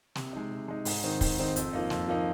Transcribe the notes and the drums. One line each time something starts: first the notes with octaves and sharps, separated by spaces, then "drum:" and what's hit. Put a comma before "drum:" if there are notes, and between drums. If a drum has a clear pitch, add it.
C3, drum: snare
G#3 D#4
C3
G#3 D#4
G#2, drum: open hi-hat
D#3 C4 D#4
G#2, drum: kick, open hi-hat
D#3 C4 D#4
F2, drum: hi-hat
F3 A#3 D#4
F2, drum: snare
F3 A#3 D#4